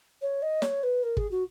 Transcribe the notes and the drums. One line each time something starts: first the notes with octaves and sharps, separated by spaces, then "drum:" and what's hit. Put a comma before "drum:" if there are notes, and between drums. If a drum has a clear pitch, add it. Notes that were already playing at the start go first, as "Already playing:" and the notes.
C#5
D#5
C#5, drum: snare
B4
A#4
G#4, drum: kick
F#4